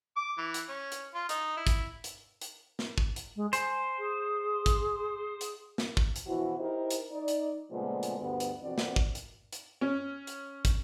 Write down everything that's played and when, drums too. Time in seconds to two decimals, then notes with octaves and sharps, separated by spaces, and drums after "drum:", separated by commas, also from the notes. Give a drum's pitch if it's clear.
0.17 D6
0.38 E3
0.54 drum: hi-hat
0.69 C#4
0.92 drum: hi-hat
1.14 F4
1.29 D#4, drum: hi-hat
1.57 E4
1.67 drum: kick, hi-hat
2.04 drum: hi-hat
2.41 drum: hi-hat
2.79 drum: snare
2.98 drum: kick
3.16 drum: hi-hat
3.36 G#3
3.53 C5 G#5, drum: hi-hat
3.99 G#4
4.66 drum: kick, hi-hat
5.41 drum: hi-hat
5.78 drum: snare
5.97 drum: kick
6.16 drum: hi-hat
6.26 B2 E3 F3 E4 F#4
6.59 D#4 E4 G4 A#4 C5
6.91 drum: hi-hat
7.11 D#4 D5
7.28 drum: hi-hat
7.70 A#2 C#3 F3 G#3 A3 B3
8.03 drum: hi-hat
8.19 D2 G2 B3
8.40 drum: hi-hat
8.62 F2 B2 E3 C4 F#4 D5
8.78 drum: snare
8.96 drum: kick
9.15 drum: hi-hat
9.52 drum: hi-hat
9.81 C#4
10.27 drum: hi-hat
10.65 drum: kick, hi-hat